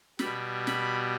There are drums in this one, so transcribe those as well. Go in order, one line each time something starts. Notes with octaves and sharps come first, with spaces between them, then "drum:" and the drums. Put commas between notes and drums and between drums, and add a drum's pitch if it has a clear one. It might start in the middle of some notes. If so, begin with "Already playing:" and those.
B2 G3 B5, drum: snare
B5, drum: snare